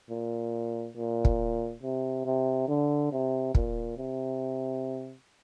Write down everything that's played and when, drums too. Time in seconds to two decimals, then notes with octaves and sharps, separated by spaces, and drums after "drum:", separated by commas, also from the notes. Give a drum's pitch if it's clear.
0.10 A#2
0.96 A#2
1.25 drum: kick
1.83 C3
2.25 C3
2.68 D3
3.12 C3
3.55 A#2, drum: kick
3.97 C3